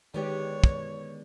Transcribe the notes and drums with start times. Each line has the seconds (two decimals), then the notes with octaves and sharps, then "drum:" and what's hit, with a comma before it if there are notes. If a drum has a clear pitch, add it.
0.14 D3 D#3 G#3 B3 G4 C#5
0.64 drum: kick